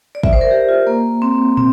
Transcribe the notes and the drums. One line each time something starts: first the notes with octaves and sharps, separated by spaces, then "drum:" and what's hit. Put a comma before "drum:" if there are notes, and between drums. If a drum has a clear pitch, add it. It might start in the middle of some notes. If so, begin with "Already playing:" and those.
D5
E5, drum: kick
C5
A#4
G4
F4
A#3
C4
C4, drum: tom